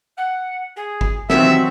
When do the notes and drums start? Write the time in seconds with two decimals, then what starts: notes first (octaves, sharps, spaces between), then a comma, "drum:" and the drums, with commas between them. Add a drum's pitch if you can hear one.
0.17 F#5
0.76 G#4
1.01 drum: kick G1
1.30 C3 D#3 E3 F#3 C4 F#4 E5, drum: snare